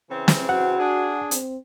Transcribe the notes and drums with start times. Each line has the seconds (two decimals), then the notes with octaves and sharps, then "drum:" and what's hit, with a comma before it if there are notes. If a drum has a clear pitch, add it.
0.10 C#3 E3 C4
0.28 drum: snare
0.49 F#4 F#5
0.79 D4 G#4
1.31 C4, drum: hi-hat